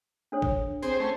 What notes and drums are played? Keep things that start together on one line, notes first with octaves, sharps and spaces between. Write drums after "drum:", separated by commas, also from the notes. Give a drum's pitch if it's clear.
D4 A4 C#5
drum: kick
C4 G#4 C5, drum: tambourine
A3 C#4 C5